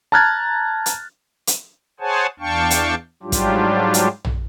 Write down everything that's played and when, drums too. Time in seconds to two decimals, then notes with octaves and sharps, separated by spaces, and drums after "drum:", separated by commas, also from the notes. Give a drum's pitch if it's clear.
0.12 A5 A#5 F6 F#6 G#6 A6
0.86 drum: hi-hat
1.47 drum: hi-hat
2.00 G#4 C5 C#5 F#5 G#5 A5
2.40 E2 D4 F5 G5 A5 C#6
2.71 drum: hi-hat
3.23 G#2 F#3 G3 D4 F4 G4
3.32 drum: kick, hi-hat
3.94 drum: hi-hat
4.25 drum: tom A#1